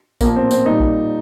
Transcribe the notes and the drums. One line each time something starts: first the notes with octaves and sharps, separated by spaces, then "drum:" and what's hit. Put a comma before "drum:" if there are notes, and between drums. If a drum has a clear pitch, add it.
A#2 F3 A#3, drum: kick A#1, tambourine
C4
C4, drum: tambourine
A#2 G3 D#4
drum: kick A#1